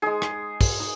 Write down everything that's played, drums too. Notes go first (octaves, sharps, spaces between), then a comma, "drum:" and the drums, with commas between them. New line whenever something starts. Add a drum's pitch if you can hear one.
G#3 D#4 G#4
drum: rim click
drum: kick, open hi-hat
D#4